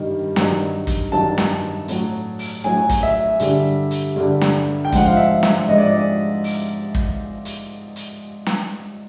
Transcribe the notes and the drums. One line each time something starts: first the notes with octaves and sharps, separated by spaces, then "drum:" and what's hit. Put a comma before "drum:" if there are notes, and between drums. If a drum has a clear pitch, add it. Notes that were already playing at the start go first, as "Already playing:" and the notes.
Already playing: G2 D#3 G3
G2 D#3 F#3, drum: snare
drum: kick, hi-hat
G2 D#3 F#3 A5
drum: snare
A2 F#3, drum: hi-hat
drum: open hi-hat
A2 F#3 G#5
drum: kick, hi-hat
E5
G2 D3 G3, drum: hi-hat
drum: hi-hat
G2 D3 G3
drum: snare
G5
G#2 F3 F#5, drum: kick, hi-hat
F5
E5
E5, drum: snare
G#2 F3 D#5
D5
D#5
drum: open hi-hat
drum: kick
drum: hi-hat
drum: hi-hat
drum: snare